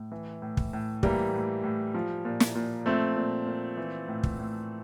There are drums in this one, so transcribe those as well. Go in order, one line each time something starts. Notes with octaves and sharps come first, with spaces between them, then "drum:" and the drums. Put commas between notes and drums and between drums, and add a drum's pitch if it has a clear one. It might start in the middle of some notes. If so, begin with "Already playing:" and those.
Already playing: A2
E3
A2
drum: kick
A2
E3 G3 A#3, drum: kick
A2
A2
F3
A#2
drum: snare
A#2
F3 A3 C4
A#2
A#2
E3
A2
drum: kick
A2